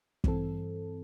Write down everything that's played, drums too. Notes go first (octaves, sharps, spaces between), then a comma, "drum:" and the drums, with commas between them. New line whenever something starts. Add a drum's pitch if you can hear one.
G2 E3 C4 A4, drum: kick